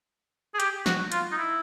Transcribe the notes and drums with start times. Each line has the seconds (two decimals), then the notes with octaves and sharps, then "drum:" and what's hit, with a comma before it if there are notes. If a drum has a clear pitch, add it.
0.55 G#4
0.60 G4, drum: hi-hat
0.86 F#4, drum: snare
1.12 F4, drum: hi-hat
1.32 D#4
1.38 E4